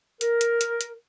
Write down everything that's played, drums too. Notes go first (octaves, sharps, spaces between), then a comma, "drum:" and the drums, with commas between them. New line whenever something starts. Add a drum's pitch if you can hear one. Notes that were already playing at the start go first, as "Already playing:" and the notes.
A#4, drum: hi-hat
drum: hi-hat
drum: hi-hat
drum: hi-hat